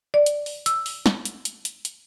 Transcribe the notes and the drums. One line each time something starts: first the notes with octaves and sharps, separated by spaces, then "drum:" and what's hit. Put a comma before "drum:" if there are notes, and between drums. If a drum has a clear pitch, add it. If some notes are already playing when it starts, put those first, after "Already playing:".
D5
drum: hi-hat
drum: open hi-hat
E6, drum: hi-hat
drum: open hi-hat
drum: snare
drum: hi-hat
drum: hi-hat
drum: hi-hat
drum: hi-hat